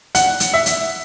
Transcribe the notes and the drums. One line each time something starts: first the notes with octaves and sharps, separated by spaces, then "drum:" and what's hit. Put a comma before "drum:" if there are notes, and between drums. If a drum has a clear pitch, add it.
F#5, drum: hi-hat
drum: hi-hat
E5
drum: hi-hat